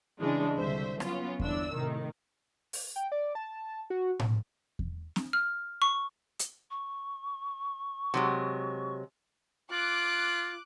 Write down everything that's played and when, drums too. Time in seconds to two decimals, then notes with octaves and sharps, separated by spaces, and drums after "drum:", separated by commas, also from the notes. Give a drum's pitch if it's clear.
0.21 C#3 E3 G#3 D4
0.56 C2 D3 C5 E5
1.00 F#3 B3 C#4 F4, drum: rim click
1.40 G1 E2 D4 E6, drum: kick E2
1.75 A2 C3 D#3
2.73 drum: open hi-hat
2.96 G5
3.12 D5
3.35 A5
3.90 F#4
4.20 drum: tom A2
4.79 drum: kick E2
5.16 drum: snare
5.33 F6
5.82 C#6
6.39 drum: hi-hat
6.70 C#6
8.14 C3 F#3 G#3
9.72 F4 D6 F#6